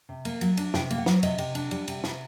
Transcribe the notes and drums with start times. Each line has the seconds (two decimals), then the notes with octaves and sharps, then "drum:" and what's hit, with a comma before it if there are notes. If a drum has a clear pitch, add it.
0.09 C3
0.25 A#3, drum: cymbal
0.41 F#3, drum: cymbal
0.57 D4, drum: cymbal
0.74 C3 G5, drum: snare
0.90 A#3, drum: cymbal
0.98 F#5
1.06 F#3, drum: snare
1.23 C3 D#5, drum: cymbal
1.38 C3, drum: cymbal
1.55 D4, drum: cymbal
1.71 G3, drum: cymbal
1.88 C3, drum: cymbal
2.04 C3, drum: snare